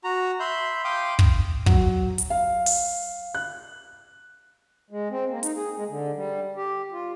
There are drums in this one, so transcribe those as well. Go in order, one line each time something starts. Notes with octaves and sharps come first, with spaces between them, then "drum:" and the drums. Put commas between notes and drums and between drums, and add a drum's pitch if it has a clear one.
F#4 A#5
E5 B5 C6 G6
F5 G5 C6 D6 D#6 G6
drum: kick
F#3, drum: kick
drum: hi-hat
F5
drum: open hi-hat
F#6
G#3
C4
A#3
D#4, drum: hi-hat
G#4
G#3
D3
G3
G4
F4